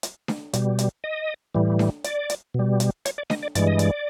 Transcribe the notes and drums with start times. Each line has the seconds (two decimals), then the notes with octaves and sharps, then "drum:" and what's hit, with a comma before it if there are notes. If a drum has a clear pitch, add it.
0.03 drum: hi-hat
0.28 drum: snare D4
0.53 B2 G3, drum: hi-hat
0.79 drum: hi-hat
1.04 D#5
1.55 A2 E3 G3
1.79 drum: snare D4
2.04 D5, drum: hi-hat
2.30 drum: hi-hat
2.54 B2 G3
2.80 drum: hi-hat
3.05 C#5, drum: hi-hat
3.18 D5
3.30 D#5, drum: snare D4
3.43 D5
3.55 G2 E3 G#3 D5, drum: hi-hat
3.67 D#5
3.79 D5, drum: hi-hat